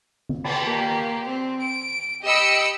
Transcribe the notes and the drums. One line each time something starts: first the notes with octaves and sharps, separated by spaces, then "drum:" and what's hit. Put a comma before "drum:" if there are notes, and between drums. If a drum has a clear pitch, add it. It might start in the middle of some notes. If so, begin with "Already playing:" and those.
drum: tom D#3
drum: cymbal
A#3 G4
C4
D7
G4 D#5 B5 E6 C#7 D7